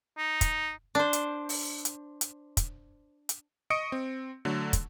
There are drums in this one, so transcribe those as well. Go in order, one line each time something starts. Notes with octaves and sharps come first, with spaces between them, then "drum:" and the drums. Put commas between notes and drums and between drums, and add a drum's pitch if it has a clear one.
D#4
drum: kick, hi-hat
D4 C5
drum: hi-hat
drum: open hi-hat
drum: hi-hat
drum: hi-hat
drum: kick, hi-hat
drum: hi-hat
D#5 C#6 D#6 C#7 D7
C4
D3 F#3 A3
drum: kick, hi-hat